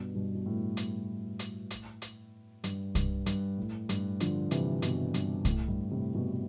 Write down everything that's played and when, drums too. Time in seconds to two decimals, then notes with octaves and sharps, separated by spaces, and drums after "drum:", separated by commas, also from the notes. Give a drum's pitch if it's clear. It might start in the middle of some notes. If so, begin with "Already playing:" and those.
Already playing: G2 B2
0.15 G2 B2
0.34 B2
0.46 A2
0.77 drum: hi-hat
1.39 drum: hi-hat
1.70 drum: hi-hat
2.02 drum: hi-hat
2.64 G2, drum: hi-hat
2.95 G2, drum: kick C2, hi-hat
3.26 G2, drum: hi-hat
3.58 A2
3.89 G2, drum: hi-hat
4.20 D3 F3, drum: hi-hat
4.51 C3 E3, drum: hi-hat
4.82 G2 B2, drum: hi-hat
5.14 G2, drum: hi-hat
5.45 A2, drum: kick C2, hi-hat
5.68 G2
5.91 A2 C3
6.15 G2 B2